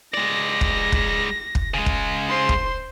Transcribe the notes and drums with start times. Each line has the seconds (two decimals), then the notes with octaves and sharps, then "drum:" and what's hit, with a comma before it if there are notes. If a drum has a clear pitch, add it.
0.14 G#3 D5 A#6
0.61 drum: kick
0.92 drum: kick
1.55 drum: kick
1.74 C#3 G#3
1.86 drum: kick
2.29 C5 C6
2.49 drum: kick